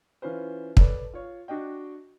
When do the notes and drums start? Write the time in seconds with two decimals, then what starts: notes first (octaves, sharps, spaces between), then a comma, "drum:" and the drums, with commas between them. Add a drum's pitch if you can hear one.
0.22 E3 C#4 F4 B4 C5
0.77 A4 B4 C#5 D5, drum: kick
1.14 F4 C#5
1.48 D4 F#4 D#5 G5